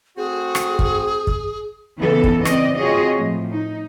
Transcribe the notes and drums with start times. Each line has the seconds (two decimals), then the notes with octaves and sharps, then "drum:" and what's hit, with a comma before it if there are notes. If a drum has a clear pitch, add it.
0.17 A3 C4 F#4 G#4
0.55 drum: rim click
0.79 drum: kick
1.27 drum: kick
2.00 C#3 E3 B3 D#4 A4
2.24 drum: kick
2.45 C4 D5 D#5, drum: rim click
2.77 C4 F4 F#4 G#4 C#5 D#5
3.16 A2 F3
3.52 D#4